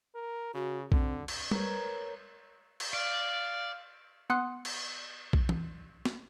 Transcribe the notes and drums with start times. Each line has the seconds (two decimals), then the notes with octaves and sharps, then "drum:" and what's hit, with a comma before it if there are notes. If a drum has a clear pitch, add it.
0.15 A#4
0.54 C#3 F#4
0.92 D3 C4, drum: kick B1
1.28 drum: cymbal
1.51 A#4 B4 C#5, drum: tom G3
2.80 drum: cymbal
2.94 D5 F5
4.30 B3 F#5 C6 D#6 F#6
4.65 drum: cymbal
5.33 drum: kick B1
5.49 drum: tom E3
6.05 drum: snare